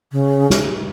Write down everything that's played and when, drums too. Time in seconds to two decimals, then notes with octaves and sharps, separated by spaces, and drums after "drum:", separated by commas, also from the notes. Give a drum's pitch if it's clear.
0.12 C#3
0.50 drum: snare